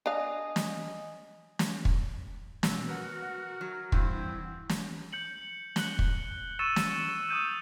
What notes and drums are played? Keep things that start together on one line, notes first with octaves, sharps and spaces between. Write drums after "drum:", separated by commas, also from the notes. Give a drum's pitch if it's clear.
D4 D#5 F5 G#5 D#6
drum: snare
drum: snare
drum: kick
B2 E6, drum: snare
F#4 A#4 B4 F#5
F#5
F#3
G2 E3 C4, drum: kick
drum: snare
G6 C#7 F#7
F#6 F#7 G7, drum: snare
drum: kick
C#6 E6 A6 C#7 D#7 E7
drum: snare
D#6 E6 G6 D#7